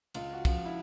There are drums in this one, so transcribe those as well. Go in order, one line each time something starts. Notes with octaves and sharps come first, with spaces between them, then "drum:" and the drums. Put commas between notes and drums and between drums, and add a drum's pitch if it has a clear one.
C#2 F4, drum: cymbal
F#4
C#3 F3 F4, drum: kick, cymbal
E4